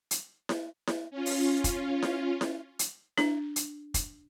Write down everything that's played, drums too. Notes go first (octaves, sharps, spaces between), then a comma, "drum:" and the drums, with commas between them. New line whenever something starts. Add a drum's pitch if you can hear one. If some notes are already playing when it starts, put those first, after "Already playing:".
drum: hi-hat
drum: snare E4
drum: snare E4
C#4 F4
drum: open hi-hat
drum: kick, hi-hat
drum: snare E4
drum: snare E4
drum: hi-hat
D4, drum: snare E4
drum: hi-hat
drum: kick, hi-hat